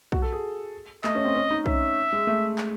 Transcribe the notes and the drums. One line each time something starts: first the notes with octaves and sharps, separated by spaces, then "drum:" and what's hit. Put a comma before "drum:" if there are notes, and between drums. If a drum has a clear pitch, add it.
F#4, drum: kick
A4
G#4
A3 D#5, drum: clap
C#4
C4
C#4
D#4
C#4 E5, drum: kick
G#3
A3
drum: clap